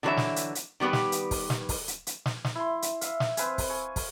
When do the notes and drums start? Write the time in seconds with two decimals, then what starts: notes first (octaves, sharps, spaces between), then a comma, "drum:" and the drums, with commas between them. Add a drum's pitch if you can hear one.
0.03 D3 E3 F#3 G#4 C#5 E5
0.17 drum: snare
0.36 drum: hi-hat
0.55 drum: hi-hat
0.80 D#3 G3 B3 G4 B4
0.93 drum: snare
1.12 drum: hi-hat
1.31 drum: kick, open hi-hat
1.50 drum: snare
1.69 drum: kick, open hi-hat
1.88 drum: hi-hat
2.07 drum: hi-hat
2.26 drum: snare
2.44 drum: snare
2.55 E4 C6
2.82 drum: hi-hat
3.01 E5 F5, drum: hi-hat
3.20 drum: snare
3.37 C4 B4 F5 G#5, drum: hi-hat
3.58 drum: kick, open hi-hat
3.69 G#5 C#6
3.96 drum: kick, open hi-hat